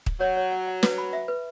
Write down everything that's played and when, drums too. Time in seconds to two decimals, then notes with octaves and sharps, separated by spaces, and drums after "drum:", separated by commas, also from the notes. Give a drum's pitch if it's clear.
0.06 drum: kick
0.20 F#3 C#5
0.37 C#5
0.52 F#5
0.68 F#5
0.83 B4, drum: snare
0.98 B5
1.13 E5
1.28 B4